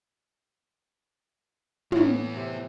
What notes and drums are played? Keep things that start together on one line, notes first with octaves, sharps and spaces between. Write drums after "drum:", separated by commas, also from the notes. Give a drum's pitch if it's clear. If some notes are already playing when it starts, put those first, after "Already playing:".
A2 E3 B3, drum: tom
C3